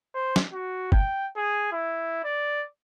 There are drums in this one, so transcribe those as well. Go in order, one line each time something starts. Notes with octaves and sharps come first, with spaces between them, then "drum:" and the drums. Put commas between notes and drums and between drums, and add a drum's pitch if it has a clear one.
C5
drum: snare
F#4
G5, drum: kick F#1
G#4
E4
D5